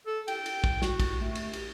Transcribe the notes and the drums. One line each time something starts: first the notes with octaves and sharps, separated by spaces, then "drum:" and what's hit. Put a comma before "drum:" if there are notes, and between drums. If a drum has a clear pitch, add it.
A4
G5, drum: cymbal
drum: cymbal
drum: kick
F#4, drum: snare
drum: kick, cymbal
A3
drum: cymbal
drum: cymbal